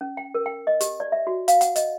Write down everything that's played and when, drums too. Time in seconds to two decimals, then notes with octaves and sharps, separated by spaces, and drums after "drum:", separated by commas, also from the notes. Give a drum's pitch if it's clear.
0.01 C#4
0.17 G5
0.35 A#4
0.46 G5
0.67 D#5
0.81 G4, drum: hi-hat
1.00 D5
1.12 E5
1.27 F#4
1.48 F5, drum: hi-hat
1.61 F#5, drum: hi-hat
1.76 D#5, drum: hi-hat